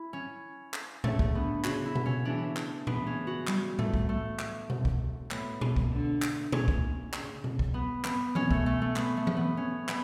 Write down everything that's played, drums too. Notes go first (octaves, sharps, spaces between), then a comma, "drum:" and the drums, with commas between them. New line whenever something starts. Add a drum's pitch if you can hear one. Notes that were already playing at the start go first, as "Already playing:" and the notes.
Already playing: E4
C#4
drum: clap
C#3 A3, drum: tom A2
drum: kick
D3 B3
C#3 F#4, drum: clap
E4
drum: tom B2
C#4
C#3 E3 D4
drum: clap
C#3 E3 B3, drum: tom A#2
C#4
F#4
G3, drum: clap
A3, drum: tom A2
drum: kick
A3
drum: clap
drum: tom B2
drum: kick
A2 B3, drum: clap
B2, drum: tom A#2
drum: kick
D3
drum: clap
C#4, drum: tom A#2
drum: kick
C#3, drum: clap
drum: tom B2
drum: kick
B3
B3, drum: clap
B2 C#4, drum: tom E3
A3, drum: kick
A3
A3
B3, drum: clap
A3
drum: tom E3
B3
C#4
B3, drum: clap